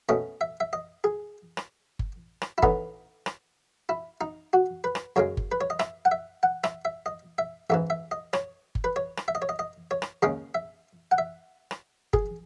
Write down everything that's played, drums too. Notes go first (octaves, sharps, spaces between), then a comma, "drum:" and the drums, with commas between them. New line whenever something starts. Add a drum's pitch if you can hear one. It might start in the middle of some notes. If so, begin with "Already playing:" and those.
B2 A3 C#4 D#5
E5
E5
D#5
G#4
drum: rim click
drum: kick G1
drum: rim click
E4
A2 E3 B3 D#4, drum: kick G1
drum: rim click
E4
D#4
F#4
B4
drum: rim click
F#2 C#3 G#3 C#5
drum: kick G1
B4
C#5
D#5
E5, drum: rim click
F#5
E5
F#5
E5, drum: rim click
E5
D#5
E5
A1 G#2 E3 E5
E5
D#5
C#5, drum: rim click
drum: kick G1
B4
C#5
drum: rim click
E5
D#5
C#5
D#5
D#5
C#5
drum: rim click
D#2 C#3 G#3 C#4 D#5
E5
F#5
E5
drum: rim click
G#4, drum: kick G1